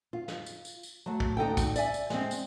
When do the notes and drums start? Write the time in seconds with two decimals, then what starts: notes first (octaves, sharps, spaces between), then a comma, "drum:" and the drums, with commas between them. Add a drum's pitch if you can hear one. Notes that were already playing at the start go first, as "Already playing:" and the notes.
0.13 F4
0.28 drum: snare
0.46 drum: tambourine
0.65 drum: tambourine
0.83 drum: tambourine
1.06 F#3 A3
1.20 drum: kick
1.37 D2 D#4 A4 G5
1.57 drum: kick, tambourine
1.76 D5 E5 G#5, drum: tambourine
1.94 drum: tambourine
2.10 G#3 C4, drum: snare
2.31 drum: tambourine